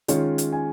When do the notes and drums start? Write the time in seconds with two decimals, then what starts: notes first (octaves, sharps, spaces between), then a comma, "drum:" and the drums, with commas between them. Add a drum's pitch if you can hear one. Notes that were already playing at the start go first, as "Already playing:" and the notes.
0.08 D#3 G#3 C#4 F4 C#5, drum: hi-hat
0.38 drum: hi-hat
0.52 G#5